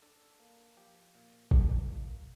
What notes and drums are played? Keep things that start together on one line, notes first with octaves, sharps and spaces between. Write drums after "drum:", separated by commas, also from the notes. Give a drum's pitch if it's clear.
D4 A4
A#3
F3 G4
A#2
D#4, drum: kick
A#3